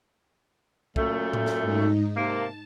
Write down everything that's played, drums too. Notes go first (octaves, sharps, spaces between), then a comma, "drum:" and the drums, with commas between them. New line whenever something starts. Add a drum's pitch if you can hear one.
F#2 A#2 A3, drum: kick
drum: tom A2
drum: snare C#4
G#2 D#4
C3 A#3 A5